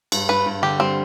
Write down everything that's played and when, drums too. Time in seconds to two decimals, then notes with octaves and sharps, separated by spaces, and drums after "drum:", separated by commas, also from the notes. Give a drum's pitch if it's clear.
0.12 G2, drum: cymbal
0.29 G2 B4
0.46 G2
0.63 D3 G4
0.79 G3 C4